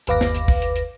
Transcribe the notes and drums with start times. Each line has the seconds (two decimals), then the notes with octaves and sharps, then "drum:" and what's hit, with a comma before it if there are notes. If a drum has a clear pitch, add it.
0.07 G1 D#2 B4 F5 D6 A#6, drum: hi-hat
0.21 drum: snare
0.35 drum: hi-hat
0.48 drum: kick, open hi-hat
0.62 drum: hi-hat
0.76 drum: hi-hat